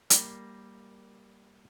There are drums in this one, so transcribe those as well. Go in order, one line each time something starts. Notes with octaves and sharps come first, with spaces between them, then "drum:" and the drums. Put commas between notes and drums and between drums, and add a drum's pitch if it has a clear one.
G3 A#3, drum: hi-hat